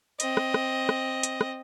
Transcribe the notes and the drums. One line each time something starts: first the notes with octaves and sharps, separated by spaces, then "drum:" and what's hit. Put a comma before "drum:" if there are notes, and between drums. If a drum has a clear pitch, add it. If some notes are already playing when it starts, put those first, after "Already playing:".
C4 D#5, drum: hi-hat
drum: rim click
drum: rim click
drum: rim click
drum: hi-hat
drum: rim click